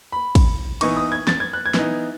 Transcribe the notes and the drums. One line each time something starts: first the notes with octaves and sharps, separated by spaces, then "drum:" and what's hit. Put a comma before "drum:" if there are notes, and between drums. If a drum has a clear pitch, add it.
B5
drum: kick, cymbal
E3 B3 D#4 C#6, drum: cymbal
D#6
G#6
A6, drum: snare
G#6
F#6
G#6
E3 B3 D#4, drum: snare